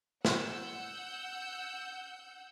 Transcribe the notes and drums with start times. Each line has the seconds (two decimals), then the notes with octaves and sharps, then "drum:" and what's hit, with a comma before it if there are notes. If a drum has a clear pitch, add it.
0.25 F#5 E6 G6, drum: snare